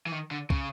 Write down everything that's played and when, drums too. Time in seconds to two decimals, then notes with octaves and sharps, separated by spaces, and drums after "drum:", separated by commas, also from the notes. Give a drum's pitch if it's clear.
0.06 E3
0.12 D#3
0.31 D3
0.50 C#3, drum: kick